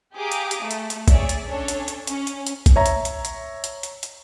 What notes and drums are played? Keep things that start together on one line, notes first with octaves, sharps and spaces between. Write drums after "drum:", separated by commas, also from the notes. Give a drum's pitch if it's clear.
G4 G#4 F5 A#5 D6 D#6
drum: hi-hat
drum: hi-hat
A3
drum: hi-hat
drum: hi-hat
G#4 C#5 D5 E5, drum: kick, hi-hat
drum: hi-hat
C#4 D4 A4 C#5
drum: hi-hat
drum: hi-hat
C#4, drum: hi-hat
drum: hi-hat
drum: hi-hat
drum: kick, hi-hat
C#5 E5 A#5
drum: hi-hat
drum: hi-hat
drum: hi-hat
drum: hi-hat
drum: hi-hat
drum: hi-hat